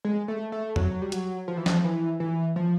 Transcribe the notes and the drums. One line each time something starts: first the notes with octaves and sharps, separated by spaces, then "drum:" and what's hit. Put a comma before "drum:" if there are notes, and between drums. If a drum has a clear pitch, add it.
G#3
A3
A3
F#3, drum: tom E2
G3
F#3, drum: hi-hat
F3
E3
F3, drum: snare
E3
E3
F3